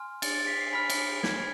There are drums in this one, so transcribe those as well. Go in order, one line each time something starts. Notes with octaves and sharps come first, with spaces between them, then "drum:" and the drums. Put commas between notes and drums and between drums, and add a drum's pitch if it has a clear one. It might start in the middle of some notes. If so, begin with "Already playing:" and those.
Already playing: G#5 C6 F6
A6, drum: cymbal
A6
B6
C7
G#5 B5 F6 B6
drum: cymbal
G#6, drum: snare